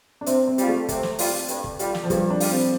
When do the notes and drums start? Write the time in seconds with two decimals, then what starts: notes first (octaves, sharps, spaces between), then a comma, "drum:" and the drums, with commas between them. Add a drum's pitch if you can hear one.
0.21 D4
0.26 C3 C4, drum: hi-hat
0.47 C4
0.58 G3 F4, drum: hi-hat
0.68 A3
0.89 C3, drum: kick, hi-hat
1.03 drum: snare
1.19 G3 F4, drum: open hi-hat
1.48 G2, drum: hi-hat
1.64 drum: kick
1.79 G3 F4, drum: hi-hat
1.95 drum: snare
2.04 F3
2.10 G2 G3, drum: kick, hi-hat
2.30 D4
2.40 G3 F4, drum: open hi-hat
2.51 C4